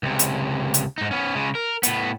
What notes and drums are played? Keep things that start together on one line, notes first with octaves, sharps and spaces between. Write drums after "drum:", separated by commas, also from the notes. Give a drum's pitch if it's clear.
C#2 C3
drum: hi-hat
drum: hi-hat
G#2 D#4
B3 C#4
C#3 G#3
A#4
A2 B3, drum: hi-hat